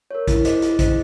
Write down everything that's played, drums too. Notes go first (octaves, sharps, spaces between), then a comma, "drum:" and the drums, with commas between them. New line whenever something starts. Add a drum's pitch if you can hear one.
A#4 C#5
E4, drum: kick, hi-hat
G#4 C5 D#5, drum: hi-hat
E4, drum: hi-hat
G#4 C5 D#5, drum: kick, hi-hat